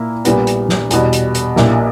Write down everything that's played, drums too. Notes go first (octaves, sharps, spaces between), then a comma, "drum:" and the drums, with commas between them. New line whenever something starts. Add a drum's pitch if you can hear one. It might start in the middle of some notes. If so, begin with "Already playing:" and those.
Already playing: A#2 A#3 E4
A#1 A#2 G3 B3, drum: hi-hat
drum: hi-hat
drum: snare
E2 B2 G3, drum: hi-hat
drum: hi-hat
drum: hi-hat
A#1 A#2 A#3 E4 G4, drum: snare